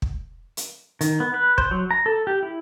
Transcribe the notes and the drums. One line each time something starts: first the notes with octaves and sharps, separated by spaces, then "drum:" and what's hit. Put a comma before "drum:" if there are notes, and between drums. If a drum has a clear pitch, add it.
drum: kick
drum: hi-hat
D#3, drum: hi-hat
B3
B4
C5, drum: kick
F#3
A#5
A4
G4
E4